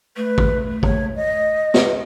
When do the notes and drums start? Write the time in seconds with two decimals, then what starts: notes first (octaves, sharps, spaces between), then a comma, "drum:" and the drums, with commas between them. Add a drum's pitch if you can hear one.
0.17 A3 B4
0.38 drum: kick
0.83 C#5, drum: kick
1.16 D#5
1.74 drum: snare